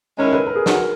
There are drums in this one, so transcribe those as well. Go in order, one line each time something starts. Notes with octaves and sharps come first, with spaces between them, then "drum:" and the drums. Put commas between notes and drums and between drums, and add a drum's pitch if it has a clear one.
D#3 G#3 C#4 E4 A#4
B4
A#4
G#4
F#4, drum: snare
A#4